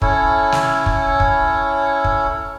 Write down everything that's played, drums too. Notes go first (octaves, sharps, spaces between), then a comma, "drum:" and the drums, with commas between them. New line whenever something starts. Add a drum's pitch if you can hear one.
C#4 E4 A4 C#5, drum: kick
drum: snare
drum: kick
drum: kick
drum: kick